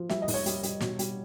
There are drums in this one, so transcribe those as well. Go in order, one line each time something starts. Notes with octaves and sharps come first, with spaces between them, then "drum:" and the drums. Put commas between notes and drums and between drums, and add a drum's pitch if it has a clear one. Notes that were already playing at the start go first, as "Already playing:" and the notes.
Already playing: F3
G3 E5, drum: snare
D#5
F1, drum: open hi-hat
C#5
G3, drum: hi-hat
G3, drum: hi-hat
B2, drum: snare
G3, drum: hi-hat